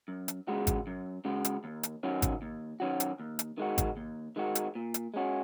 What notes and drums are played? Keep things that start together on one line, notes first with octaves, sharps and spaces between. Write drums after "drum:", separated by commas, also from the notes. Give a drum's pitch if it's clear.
F#2
drum: hi-hat
C#3 G#3 F#4
drum: kick G#1, hi-hat
F#2
C#3 G#3 F#4
drum: hi-hat
D#2
drum: hi-hat
D#3 F#3 C#4 F#4
drum: kick G#1, hi-hat
D#2
D#3 F#3 C#4 F#4
drum: hi-hat
D#2
drum: hi-hat
D#3 G#3 F#4
drum: kick G#1, hi-hat
D#2
D#3 G#3 F#4
drum: hi-hat
A#2
drum: hi-hat
G#3 C#4 F#4